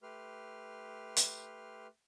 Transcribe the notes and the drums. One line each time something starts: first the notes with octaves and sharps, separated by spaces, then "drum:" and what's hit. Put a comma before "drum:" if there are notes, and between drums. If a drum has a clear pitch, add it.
A3 G4 B4 C6 F6
drum: hi-hat